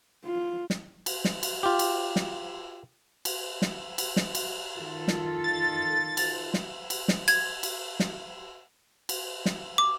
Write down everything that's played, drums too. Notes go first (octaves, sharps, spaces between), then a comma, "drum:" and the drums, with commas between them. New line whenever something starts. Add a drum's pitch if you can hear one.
F4
drum: snare
drum: cymbal
drum: snare
drum: cymbal
F4 G4
drum: cymbal
drum: snare
drum: cymbal
drum: snare
drum: cymbal
drum: snare
drum: cymbal
D#3 F4 A4
drum: snare
A6
drum: cymbal
drum: snare
drum: cymbal
drum: snare
G#6, drum: cymbal
drum: cymbal
drum: snare
drum: cymbal
drum: snare
D6